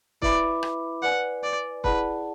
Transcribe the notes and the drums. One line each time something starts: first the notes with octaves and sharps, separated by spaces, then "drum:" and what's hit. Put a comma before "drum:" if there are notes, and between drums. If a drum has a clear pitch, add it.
E4 B4 D5 E5 B5 D6, drum: kick
drum: rim click
B4 D5 F#5 G#5
D5
E4 G#4 B4 D5 F#5 A5, drum: kick